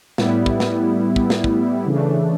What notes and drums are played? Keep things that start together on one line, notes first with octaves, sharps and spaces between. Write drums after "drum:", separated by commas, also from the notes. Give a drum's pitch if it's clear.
A2 G3 B3 E4, drum: snare
drum: kick
drum: snare
drum: kick
drum: snare
drum: kick
C#3 E3 A3 D4